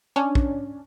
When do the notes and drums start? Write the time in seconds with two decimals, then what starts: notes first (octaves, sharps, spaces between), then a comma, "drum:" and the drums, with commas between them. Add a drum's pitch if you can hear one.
0.16 C#4 D4
0.35 drum: kick